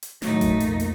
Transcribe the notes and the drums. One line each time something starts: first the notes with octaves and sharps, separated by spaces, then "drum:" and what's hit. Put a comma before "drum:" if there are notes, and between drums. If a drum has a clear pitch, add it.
drum: hi-hat
A2 D#3 F#3 A3 D#4, drum: snare
drum: kick G1, hi-hat
B1 F2 A#3, drum: hi-hat
drum: hi-hat